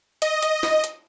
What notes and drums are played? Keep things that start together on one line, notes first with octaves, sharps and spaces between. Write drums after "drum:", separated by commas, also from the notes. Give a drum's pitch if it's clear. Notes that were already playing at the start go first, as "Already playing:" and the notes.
D#5, drum: hi-hat
drum: hi-hat
drum: snare
drum: hi-hat